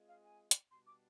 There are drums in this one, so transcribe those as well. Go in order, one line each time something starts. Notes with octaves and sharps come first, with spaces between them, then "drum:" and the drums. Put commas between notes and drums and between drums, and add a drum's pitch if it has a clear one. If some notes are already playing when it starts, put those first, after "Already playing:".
Already playing: G#3 C4 F4 G#4
F5
G#5
drum: hi-hat
B2 G3 D4 C6
D6